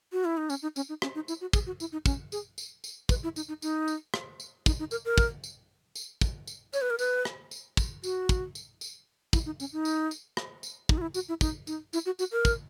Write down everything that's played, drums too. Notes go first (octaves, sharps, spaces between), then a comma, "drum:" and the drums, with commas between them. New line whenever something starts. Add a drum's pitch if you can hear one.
F#4
E4
D#4
C#4, drum: tambourine
D#4
C#4, drum: tambourine
D#4
C#4, drum: rim click
D#4
E4, drum: tambourine
F#4
G#4, drum: kick, tambourine
F#4
E4, drum: tambourine
D#4
C#4, drum: kick, tambourine
G#4, drum: tambourine
drum: tambourine
drum: tambourine
B4, drum: kick, tambourine
E4
D#4, drum: tambourine
D#4
D#4, drum: tambourine
drum: tambourine
drum: rim click
drum: tambourine
D#4, drum: kick, tambourine
D#4
A#4, drum: tambourine
A#4
drum: kick, tambourine
drum: tambourine
drum: tambourine
drum: kick, tambourine
drum: tambourine
C#5, drum: tambourine
B4
A#4
B4, drum: tambourine
drum: rim click
drum: tambourine
drum: kick, tambourine
F#4, drum: tambourine
drum: kick, tambourine
drum: tambourine
drum: tambourine
E4, drum: kick, tambourine
D#4
C#4, drum: tambourine
D#4
drum: tambourine
drum: tambourine
drum: rim click
drum: tambourine
D#4, drum: kick
F#4
E4
F#4, drum: tambourine
E4
D#4, drum: kick, tambourine
D#4, drum: tambourine
E4, drum: tambourine
F#4
F#4, drum: tambourine
A#4
drum: kick, tambourine